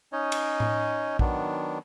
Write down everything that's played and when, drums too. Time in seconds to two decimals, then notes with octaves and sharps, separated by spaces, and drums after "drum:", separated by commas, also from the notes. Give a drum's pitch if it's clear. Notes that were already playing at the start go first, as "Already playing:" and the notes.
0.13 C#4 D#4 C#5 D#5
0.32 drum: cymbal
0.60 drum: tom A2
1.19 D#3 F#3 B3 D4, drum: kick